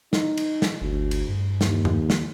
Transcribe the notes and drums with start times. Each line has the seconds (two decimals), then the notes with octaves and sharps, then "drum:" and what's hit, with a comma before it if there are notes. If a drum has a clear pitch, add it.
0.13 D#4, drum: snare
0.37 drum: cymbal
0.62 drum: snare
0.81 G1 D2
1.11 drum: cymbal
1.29 G2
1.61 D#2, drum: snare
1.85 drum: tom E2
2.10 drum: snare